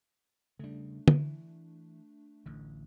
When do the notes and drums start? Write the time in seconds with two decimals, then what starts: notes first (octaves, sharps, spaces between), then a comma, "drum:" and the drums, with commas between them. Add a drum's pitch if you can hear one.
0.59 C#3 G3 A3 D4
1.08 E3, drum: tom
2.46 A1 D3